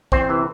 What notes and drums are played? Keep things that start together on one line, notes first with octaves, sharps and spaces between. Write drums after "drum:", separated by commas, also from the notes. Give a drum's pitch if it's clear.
E2 C4 C5, drum: kick B1
C3 E3